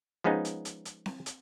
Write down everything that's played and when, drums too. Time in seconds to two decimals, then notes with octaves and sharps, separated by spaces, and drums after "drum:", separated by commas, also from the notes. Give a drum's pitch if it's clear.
0.24 F3 G#3 B3 C#4 D#4
0.45 drum: hi-hat
0.65 drum: hi-hat
0.85 drum: hi-hat
1.06 drum: snare C4
1.26 drum: hi-hat